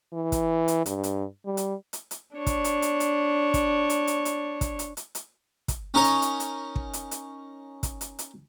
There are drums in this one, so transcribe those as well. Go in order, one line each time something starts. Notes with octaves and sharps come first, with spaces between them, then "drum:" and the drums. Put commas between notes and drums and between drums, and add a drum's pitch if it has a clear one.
E3
drum: kick, hi-hat
drum: hi-hat
G2, drum: hi-hat
drum: hi-hat
G3
drum: hi-hat
drum: hi-hat
drum: hi-hat
D4 C#5
drum: kick, hi-hat
drum: hi-hat
drum: hi-hat
drum: hi-hat
drum: kick, hi-hat
drum: hi-hat
drum: hi-hat
drum: hi-hat
drum: kick, hi-hat
drum: hi-hat
drum: hi-hat
drum: hi-hat
drum: kick, hi-hat
C#4 D#4 A#4 C#5 D#5
drum: hi-hat
drum: hi-hat
drum: hi-hat
drum: kick
drum: hi-hat
drum: hi-hat
drum: kick, hi-hat
drum: hi-hat
drum: hi-hat